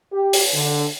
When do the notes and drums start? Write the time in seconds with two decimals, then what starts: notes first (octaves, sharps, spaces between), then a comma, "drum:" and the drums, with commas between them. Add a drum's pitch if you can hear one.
0.13 G4
0.33 drum: open hi-hat
0.54 D3